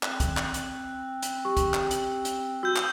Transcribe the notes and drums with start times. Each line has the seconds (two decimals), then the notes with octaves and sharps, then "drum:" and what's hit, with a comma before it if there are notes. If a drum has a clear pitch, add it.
0.03 C4 F#6, drum: clap
0.20 drum: kick, hi-hat
0.37 drum: clap
0.54 drum: hi-hat
1.22 drum: hi-hat
1.45 G4 C#6
1.57 drum: kick, hi-hat
1.74 drum: clap
1.91 drum: hi-hat
2.25 drum: hi-hat
2.63 F#4 E6 G6
2.76 drum: clap